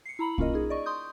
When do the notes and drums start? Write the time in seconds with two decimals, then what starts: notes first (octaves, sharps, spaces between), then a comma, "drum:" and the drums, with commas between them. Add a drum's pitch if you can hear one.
0.05 C7 C#7
0.19 E4 A#5 B5 F#7
0.38 A#3 C#4 F4 A#4 D#5, drum: kick
0.54 D#4 G#4
0.70 D5 D#5 C#6
0.86 C6 D#6 G6